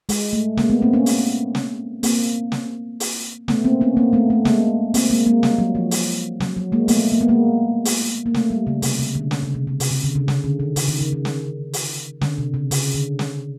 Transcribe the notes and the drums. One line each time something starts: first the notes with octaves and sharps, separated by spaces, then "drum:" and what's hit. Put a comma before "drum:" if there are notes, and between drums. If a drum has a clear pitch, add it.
G#3, drum: open hi-hat
A3
G#3 A#3, drum: snare
A3 B3
A#3 C4
B3 C#4
drum: open hi-hat
drum: snare
A#3 C4, drum: open hi-hat
drum: snare
drum: open hi-hat
A3 B3, drum: snare
A#3 C4
B3 C#4
A#3 C4
A3 B3
A3
G#3 A#3, drum: snare
A#3 C4, drum: open hi-hat
G#3 A#3
G#3 A#3
G3, drum: snare
F#3
F3
drum: open hi-hat
F#3, drum: snare
F#3
G#3 A#3
A3 B3, drum: open hi-hat
A#3
B3
G#3 A#3
drum: open hi-hat
A#3
A3, drum: snare
G3
C#3
C3, drum: open hi-hat
C#3
D3
drum: snare
C#3
C3
C#3
C3, drum: open hi-hat
C#3
D3
C#3
C#3, drum: snare
D3
D#3
C#3, drum: open hi-hat
D#3
C#3
D#3
drum: snare
drum: open hi-hat
D3, drum: snare
C3
C#3
C#3, drum: open hi-hat
D3
drum: snare